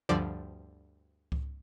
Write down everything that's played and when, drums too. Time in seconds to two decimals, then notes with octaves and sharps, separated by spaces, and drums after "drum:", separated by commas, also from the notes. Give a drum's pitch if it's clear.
0.09 D2 G2 D3 F3 D5
1.32 drum: kick C#2